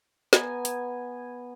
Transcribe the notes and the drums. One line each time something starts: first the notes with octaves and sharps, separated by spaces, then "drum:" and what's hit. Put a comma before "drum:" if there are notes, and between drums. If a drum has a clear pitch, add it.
B3 G#5 A#5, drum: snare
drum: hi-hat